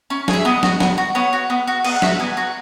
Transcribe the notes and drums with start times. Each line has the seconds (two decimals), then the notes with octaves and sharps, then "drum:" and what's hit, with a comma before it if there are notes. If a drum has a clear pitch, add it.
0.10 C#4
0.28 G#4, drum: snare
0.33 E5
0.45 B3 D#5
0.63 F#4, drum: snare
0.80 B3, drum: snare
0.98 F#4
1.15 B3 C#5
1.33 F#4
1.50 B3
1.68 F#4
1.84 B3 D#5, drum: cymbal
1.96 F#5
2.02 F#4 E5, drum: snare
2.20 B3 G#5
2.37 F#4